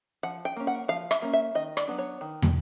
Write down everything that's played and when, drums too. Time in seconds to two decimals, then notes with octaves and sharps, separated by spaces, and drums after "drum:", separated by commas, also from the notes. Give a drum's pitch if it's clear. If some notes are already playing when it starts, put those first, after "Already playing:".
0.23 F3 F#5
0.45 G5
0.56 A#3 C#4
0.67 F#5
0.88 F3 F5
1.11 E5, drum: rim click
1.22 A#3 C#4
1.33 E5
1.55 D#3 D#5
1.77 D5, drum: rim click
1.87 F#3 B3 D4
1.98 C#5
2.21 D#3
2.42 drum: tom